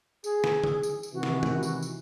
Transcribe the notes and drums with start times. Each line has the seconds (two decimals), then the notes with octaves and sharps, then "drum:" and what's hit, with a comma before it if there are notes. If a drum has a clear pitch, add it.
0.24 G#4, drum: tambourine
0.44 drum: snare
0.64 drum: tom
0.83 drum: tambourine
1.03 drum: tambourine
1.14 C3 D#3 E3 F#4
1.23 drum: snare
1.43 drum: tom C3
1.63 drum: tambourine
1.83 drum: tambourine